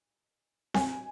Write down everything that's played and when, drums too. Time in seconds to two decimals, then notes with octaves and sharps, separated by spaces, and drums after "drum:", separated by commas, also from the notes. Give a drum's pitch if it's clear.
0.74 G#5, drum: snare C4